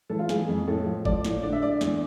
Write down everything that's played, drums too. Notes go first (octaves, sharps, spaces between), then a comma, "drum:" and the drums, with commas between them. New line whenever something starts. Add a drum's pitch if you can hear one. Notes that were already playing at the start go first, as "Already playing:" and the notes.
E3 A4
F4
E3 G#4, drum: snare
F2
A2 A4
F3
F3 D5, drum: kick G1
A2, drum: snare
D3 D5
E5
D3 D5
D5
E2, drum: snare